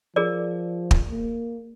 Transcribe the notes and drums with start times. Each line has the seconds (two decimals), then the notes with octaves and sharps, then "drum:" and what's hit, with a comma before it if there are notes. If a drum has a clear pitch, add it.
0.16 F3 G#4 A#4 D5
0.91 drum: kick
1.11 A#3